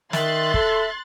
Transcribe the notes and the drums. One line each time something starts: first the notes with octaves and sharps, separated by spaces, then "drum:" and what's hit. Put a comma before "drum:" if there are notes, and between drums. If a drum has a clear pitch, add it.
D#3 E5 C6 F#6 A6, drum: snare
A4, drum: kick